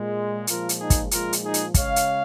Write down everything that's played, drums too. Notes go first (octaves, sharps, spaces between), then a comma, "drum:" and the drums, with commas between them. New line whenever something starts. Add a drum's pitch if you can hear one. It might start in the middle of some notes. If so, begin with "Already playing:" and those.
Already playing: A#2 G#3
A#2 F3 G#3 F4 A#4, drum: hi-hat
drum: hi-hat
D#4 G#4
drum: kick, hi-hat
A#2 F3 G#3 F4 A#4, drum: hi-hat
drum: hi-hat
D#4 G#4
drum: hi-hat
C#3 G#3 C#5 F5, drum: kick, hi-hat
drum: hi-hat